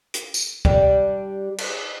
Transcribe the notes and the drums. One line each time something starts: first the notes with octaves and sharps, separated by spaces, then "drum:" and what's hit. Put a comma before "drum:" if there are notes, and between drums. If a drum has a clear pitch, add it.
drum: hi-hat
drum: tambourine
G3 D4 G4, drum: kick
drum: cymbal